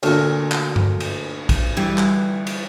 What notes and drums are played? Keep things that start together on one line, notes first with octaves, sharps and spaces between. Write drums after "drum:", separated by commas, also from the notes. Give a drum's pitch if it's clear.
D2 A#2, drum: cymbal
drum: clap
drum: tom G2
drum: cymbal
drum: kick A#1, cymbal
E3 G3
drum: clap
drum: cymbal